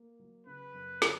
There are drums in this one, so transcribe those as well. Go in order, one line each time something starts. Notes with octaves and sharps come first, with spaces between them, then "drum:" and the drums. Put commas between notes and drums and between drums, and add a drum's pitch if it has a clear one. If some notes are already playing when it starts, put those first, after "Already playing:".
Already playing: A#3
F#3
C#3 B4
F#2
D3, drum: snare